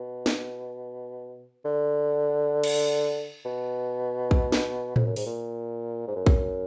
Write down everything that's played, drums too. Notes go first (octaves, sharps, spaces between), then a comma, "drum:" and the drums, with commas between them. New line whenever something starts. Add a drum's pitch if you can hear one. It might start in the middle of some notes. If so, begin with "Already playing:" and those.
Already playing: B2
drum: snare
D3
drum: cymbal
B2
drum: kick A#1
drum: snare
F2, drum: tom A2
F#2
G#2, drum: open hi-hat
A#2
G#2
F#2
drum: kick A#1